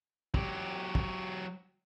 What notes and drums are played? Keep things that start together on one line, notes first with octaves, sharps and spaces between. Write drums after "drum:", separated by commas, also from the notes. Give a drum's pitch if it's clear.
F#3 G4, drum: kick
drum: kick